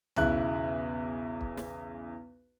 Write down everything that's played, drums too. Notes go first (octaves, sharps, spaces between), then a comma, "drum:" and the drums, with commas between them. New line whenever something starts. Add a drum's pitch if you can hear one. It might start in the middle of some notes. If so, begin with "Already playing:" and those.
B1 E2 C#3 E4 F#6, drum: tom
drum: kick
drum: snare